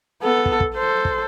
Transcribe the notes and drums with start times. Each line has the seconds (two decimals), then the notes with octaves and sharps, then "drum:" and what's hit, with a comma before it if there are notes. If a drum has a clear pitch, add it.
0.22 B3 A4
0.46 drum: kick
0.60 drum: kick
0.75 A4 C5
1.05 drum: kick